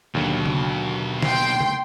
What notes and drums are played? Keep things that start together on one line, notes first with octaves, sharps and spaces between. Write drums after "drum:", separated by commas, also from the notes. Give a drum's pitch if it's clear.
D#2 B2 D3 F#3
drum: tom C#3
G5 C6, drum: snare
drum: tom C3